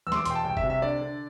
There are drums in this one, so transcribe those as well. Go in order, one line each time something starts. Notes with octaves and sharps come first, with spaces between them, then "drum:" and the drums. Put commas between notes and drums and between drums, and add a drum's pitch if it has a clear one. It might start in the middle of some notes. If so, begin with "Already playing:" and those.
E2 E6
C6, drum: snare
D6
E1 G5 C6, drum: hi-hat
A5
C2 G5
E5, drum: kick F1
C3
E5
D3 D5
D3